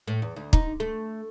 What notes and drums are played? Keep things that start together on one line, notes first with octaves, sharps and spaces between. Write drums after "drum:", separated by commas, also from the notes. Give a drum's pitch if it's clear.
A2
E2
D2
D#4, drum: kick
A3